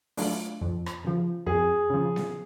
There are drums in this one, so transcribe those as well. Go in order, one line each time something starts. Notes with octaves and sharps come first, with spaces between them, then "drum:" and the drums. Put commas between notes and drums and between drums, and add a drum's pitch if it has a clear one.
F#3 A3 D4 F4, drum: open hi-hat
F2
drum: rim click
C#3 F3
F2 G#4
C#3 F3
drum: snare B3